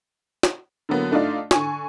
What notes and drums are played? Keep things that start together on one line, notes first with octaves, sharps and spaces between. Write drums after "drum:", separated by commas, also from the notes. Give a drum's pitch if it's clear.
drum: snare
D3 F#3 A#3 B3
A3 D4 D#4 F4 D5
D3 G#5 C#6, drum: snare